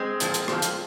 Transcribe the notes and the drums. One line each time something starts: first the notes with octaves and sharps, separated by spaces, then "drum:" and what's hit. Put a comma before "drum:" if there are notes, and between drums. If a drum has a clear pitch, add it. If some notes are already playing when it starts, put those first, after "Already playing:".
Already playing: G#3 C4
A#2 F3, drum: hi-hat
drum: hi-hat
A#2 F3, drum: rim click
drum: hi-hat